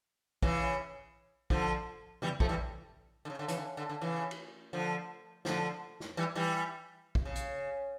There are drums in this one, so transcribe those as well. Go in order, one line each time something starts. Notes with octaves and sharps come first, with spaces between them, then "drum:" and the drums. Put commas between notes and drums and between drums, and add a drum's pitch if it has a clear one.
C#3 E3, drum: kick
D3 F3, drum: kick
E3 G3, drum: tom C#3
F3 A3, drum: kick
E3 G3
D3
C#3
D3
C#3 E3, drum: hi-hat
D3
D3
D3
C#3 E3
drum: cymbal
D3 F3
D3 F3, drum: snare
drum: snare
E3 G3
E3 G3
drum: kick
C#3
drum: hi-hat